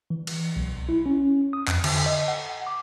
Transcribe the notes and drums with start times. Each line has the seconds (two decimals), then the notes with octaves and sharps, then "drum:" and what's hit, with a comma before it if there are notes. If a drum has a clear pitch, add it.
0.10 E3
0.27 drum: cymbal
0.56 B1
0.89 E4
1.06 C#4
1.53 D#6
1.68 F2, drum: clap
1.84 D3, drum: cymbal
2.06 D#5
2.28 F#5
2.67 D6